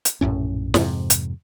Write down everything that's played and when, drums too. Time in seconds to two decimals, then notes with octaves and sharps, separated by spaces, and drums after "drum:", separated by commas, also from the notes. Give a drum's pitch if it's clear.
0.05 drum: hi-hat
0.21 A#1 F#2 A2 C#4
0.74 F2 G#2 C3, drum: snare
1.10 drum: hi-hat